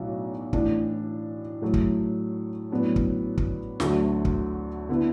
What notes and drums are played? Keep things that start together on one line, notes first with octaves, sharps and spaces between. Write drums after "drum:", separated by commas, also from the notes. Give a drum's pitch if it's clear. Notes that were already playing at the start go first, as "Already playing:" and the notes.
Already playing: B1 A2 F#3 D4 F#4
A2 E3 D4, drum: kick
A2 F#3 A3
drum: kick
A2 F#3 B3 D4
drum: kick
drum: kick
D2 D3 F#3 A3 F#4, drum: snare
drum: kick
D3 B3 E4